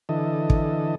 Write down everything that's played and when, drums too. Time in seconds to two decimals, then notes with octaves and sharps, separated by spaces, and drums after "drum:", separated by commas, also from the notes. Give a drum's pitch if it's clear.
0.09 D3 E3 A4 D#5
0.50 drum: kick